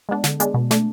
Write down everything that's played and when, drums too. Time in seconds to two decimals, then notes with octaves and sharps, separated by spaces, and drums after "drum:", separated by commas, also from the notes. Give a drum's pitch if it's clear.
0.09 G#3 B3 D4
0.24 D3, drum: snare
0.40 G#3 B3 D4, drum: hi-hat
0.54 B2
0.71 A3 D4, drum: snare